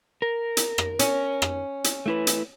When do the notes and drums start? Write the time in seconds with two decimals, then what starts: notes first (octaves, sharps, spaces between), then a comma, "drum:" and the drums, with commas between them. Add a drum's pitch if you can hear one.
0.22 A#4
0.57 drum: hi-hat
0.78 drum: rim click
0.99 C#4, drum: hi-hat
1.42 drum: rim click
1.84 drum: hi-hat
2.06 A3 E4 B4
2.27 drum: hi-hat